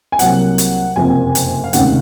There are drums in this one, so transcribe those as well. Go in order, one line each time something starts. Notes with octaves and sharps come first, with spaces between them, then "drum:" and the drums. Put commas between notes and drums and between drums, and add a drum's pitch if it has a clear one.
G#5
C2 C3 F#3 A#3 F#5, drum: hi-hat
drum: hi-hat
F#1 F2 C3 F3 A#3 G#5
drum: hi-hat
F5
F1 D#2 C#3 G#3 F#5, drum: hi-hat